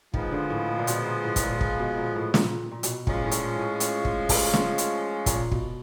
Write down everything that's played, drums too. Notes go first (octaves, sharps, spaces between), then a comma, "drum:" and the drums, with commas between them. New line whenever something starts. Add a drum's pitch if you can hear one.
D#3 F3 G#3 B3, drum: kick
D3
A2
A#2
A#2
B2, drum: hi-hat
A#2
A2
A2, drum: kick, hi-hat
A#2
A#2, drum: kick
B2
A#2
A2
A#2, drum: snare
A#2
B2, drum: hi-hat
A#2 F3 G#3 C#4, drum: kick
A2
A#2, drum: hi-hat
A2
drum: hi-hat
drum: kick
drum: kick, open hi-hat
drum: snare
drum: hi-hat
A#2, drum: kick, hi-hat
B2, drum: kick